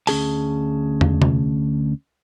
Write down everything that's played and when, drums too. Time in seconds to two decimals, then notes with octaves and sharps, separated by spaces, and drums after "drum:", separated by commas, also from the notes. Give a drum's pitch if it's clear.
0.07 D2 C#4 G#4 A5, drum: open hi-hat
1.01 drum: tom
1.22 drum: tom C3